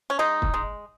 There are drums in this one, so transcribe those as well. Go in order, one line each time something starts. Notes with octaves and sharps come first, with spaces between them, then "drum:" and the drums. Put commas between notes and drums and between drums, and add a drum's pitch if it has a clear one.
C#4
G#3 D#4
drum: kick
G#3